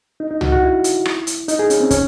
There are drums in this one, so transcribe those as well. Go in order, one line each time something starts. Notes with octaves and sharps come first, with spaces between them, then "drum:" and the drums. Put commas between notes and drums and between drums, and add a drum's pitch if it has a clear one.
D#4
D#4
F#4, drum: tom
F#4
E4
drum: hi-hat
drum: rim click
drum: hi-hat
D#4, drum: hi-hat
G#4
C#4, drum: hi-hat
C4
C#4, drum: kick, hi-hat